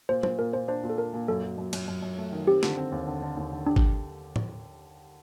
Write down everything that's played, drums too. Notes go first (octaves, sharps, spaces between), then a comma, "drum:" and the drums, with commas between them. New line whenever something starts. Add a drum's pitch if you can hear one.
A#2 C5
A#2 C5, drum: tom
A#2 A#4
A#2 C5
D4 C5
A#2
A4
D4 A#4
A#2
F#2 A4
F#3
F#2
F#2, drum: cymbal
F#2
F#2
A3
D#3
C4 G4
D3, drum: snare
C4
D#2
D3
D3
D#2
D3
D4 G4
drum: kick
drum: tom